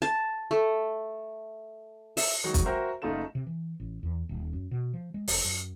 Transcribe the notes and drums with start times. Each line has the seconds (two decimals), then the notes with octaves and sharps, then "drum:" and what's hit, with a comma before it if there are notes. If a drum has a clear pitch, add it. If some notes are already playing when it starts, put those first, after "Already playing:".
0.02 A5
0.51 A3
2.17 E5, drum: open hi-hat
2.44 D#3 F#3 G#3
2.54 drum: kick, hi-hat
2.65 F#4 A#4 C5 E5 G5
3.02 F#1 A3 D#4 F4 A4 E7
3.35 C3
3.47 E3
3.80 A1
4.03 E2
4.29 D#1
4.53 F#2
4.71 B2
4.94 F3
5.14 G#3
5.28 F1, drum: open hi-hat
5.45 F#2